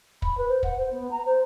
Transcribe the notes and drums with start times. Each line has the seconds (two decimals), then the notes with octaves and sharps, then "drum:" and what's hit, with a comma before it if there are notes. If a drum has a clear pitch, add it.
0.22 B5, drum: kick
0.37 B4
0.49 C5
0.63 F#5, drum: kick
0.77 C5
0.91 B3
1.11 A#5
1.25 C5